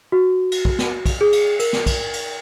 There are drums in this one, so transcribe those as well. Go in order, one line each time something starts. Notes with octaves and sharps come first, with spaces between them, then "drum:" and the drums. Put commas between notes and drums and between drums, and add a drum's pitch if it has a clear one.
F#4
drum: cymbal
drum: kick
drum: snare
drum: kick, cymbal
G#4
drum: cymbal
A#4, drum: cymbal
drum: snare
drum: kick, cymbal
drum: cymbal